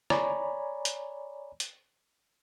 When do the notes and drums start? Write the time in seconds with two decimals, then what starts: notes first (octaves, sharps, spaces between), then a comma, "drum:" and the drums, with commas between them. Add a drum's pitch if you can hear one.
0.10 C#5 D5 G#5 A#5 B5, drum: rim click
0.85 drum: hi-hat
1.60 drum: hi-hat